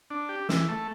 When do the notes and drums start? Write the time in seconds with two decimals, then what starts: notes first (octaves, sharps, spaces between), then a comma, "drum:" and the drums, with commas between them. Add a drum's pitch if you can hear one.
0.11 D4
0.29 G4
0.49 E3, drum: snare
0.69 A3